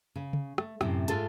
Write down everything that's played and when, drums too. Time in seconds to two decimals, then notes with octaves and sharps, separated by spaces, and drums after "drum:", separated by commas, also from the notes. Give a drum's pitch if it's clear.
0.15 C#3
0.33 drum: tom C#3
0.58 A3, drum: rim click
0.81 F#2 A2 C3 C4 E4, drum: rim click
1.08 G#2 A3 F4 G#4 A4 A5, drum: hi-hat